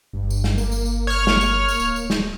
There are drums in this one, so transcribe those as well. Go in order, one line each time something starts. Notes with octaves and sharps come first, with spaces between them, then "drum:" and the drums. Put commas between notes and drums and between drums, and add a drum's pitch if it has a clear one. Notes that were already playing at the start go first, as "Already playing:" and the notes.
G1 G2
drum: tambourine
drum: snare
A#3, drum: tambourine
drum: tambourine
drum: tambourine
C#5 F6
drum: snare
drum: tambourine
drum: tambourine
D1, drum: tambourine
drum: tambourine
drum: snare